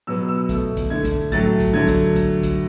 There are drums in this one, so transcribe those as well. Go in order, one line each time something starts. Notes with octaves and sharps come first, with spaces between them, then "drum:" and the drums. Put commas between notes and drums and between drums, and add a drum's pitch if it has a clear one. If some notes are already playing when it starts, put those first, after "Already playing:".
B2 F#3 B3 E6
E6
B2 A3, drum: kick, hi-hat
drum: kick, hi-hat
D3 A3 G#6
drum: kick, hi-hat
A2 F#3 A3 A6, drum: kick, hi-hat
drum: kick, hi-hat
D3 F#3 A3 G#6
drum: kick, hi-hat
drum: kick, hi-hat
drum: kick, hi-hat